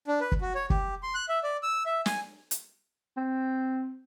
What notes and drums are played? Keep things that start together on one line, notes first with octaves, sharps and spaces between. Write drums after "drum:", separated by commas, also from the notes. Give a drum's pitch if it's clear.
D4
B4
drum: kick
F#4
C#5
G4, drum: kick
C6
F#6
E5
D5
E6
E5
G#5, drum: snare
drum: hi-hat
C4